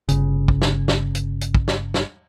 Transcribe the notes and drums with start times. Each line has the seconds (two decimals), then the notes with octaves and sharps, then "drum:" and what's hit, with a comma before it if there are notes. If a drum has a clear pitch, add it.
0.09 G1 C#3, drum: hi-hat
0.48 drum: kick
0.62 drum: snare
0.88 drum: snare
1.15 drum: hi-hat
1.41 drum: hi-hat
1.55 drum: kick
1.68 drum: snare
1.94 drum: snare